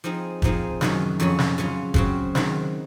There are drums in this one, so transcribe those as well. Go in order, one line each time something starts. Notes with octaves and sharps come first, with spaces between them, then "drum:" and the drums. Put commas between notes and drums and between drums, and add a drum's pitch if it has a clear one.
F3 C4 D#4 G#4
A#2 F3 C4 D#4 G#4, drum: kick
F#2 D#3 F#3, drum: snare
F2 C#3 F#3 C#4
drum: snare
C#3 F#3 C#4 F4
C#3 F#3 C4, drum: kick
D#3 F#3 C4, drum: snare